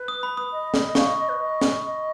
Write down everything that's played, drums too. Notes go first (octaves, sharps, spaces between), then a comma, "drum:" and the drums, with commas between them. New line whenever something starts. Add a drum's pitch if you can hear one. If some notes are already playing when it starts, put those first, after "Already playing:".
Already playing: B4
D#6
B5
D#6
D#5
drum: snare
D#5
F5 C#6, drum: snare
D#5
D#5
B4
D#5
drum: snare
D#5